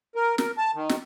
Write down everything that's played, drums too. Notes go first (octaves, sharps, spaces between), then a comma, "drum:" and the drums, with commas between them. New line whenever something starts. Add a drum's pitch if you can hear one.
A#4
A#4, drum: snare
A5
D#3
drum: snare